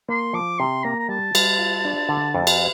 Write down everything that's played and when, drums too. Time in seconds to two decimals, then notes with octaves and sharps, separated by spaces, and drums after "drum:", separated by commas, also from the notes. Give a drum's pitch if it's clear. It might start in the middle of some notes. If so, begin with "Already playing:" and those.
0.09 A#3 C6
0.33 F3 D6
0.59 C3 C6
0.84 A#3 A#5
0.99 A#5
1.09 G3 A5
1.35 G3, drum: cymbal
1.59 F4
1.85 D4
2.09 D3
2.34 F2
2.47 drum: cymbal